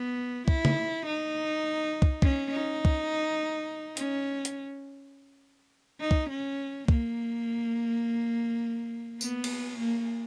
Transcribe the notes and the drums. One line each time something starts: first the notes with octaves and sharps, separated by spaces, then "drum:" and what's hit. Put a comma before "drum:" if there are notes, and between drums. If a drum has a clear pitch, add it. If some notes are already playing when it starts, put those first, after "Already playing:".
Already playing: B3
E4, drum: kick
drum: tom
D#4
drum: kick
C#4, drum: kick
D#4
drum: kick
C#4, drum: hi-hat
drum: hi-hat
D#4
drum: kick
C#4
A#3, drum: kick
B3, drum: tambourine
drum: cymbal
A#3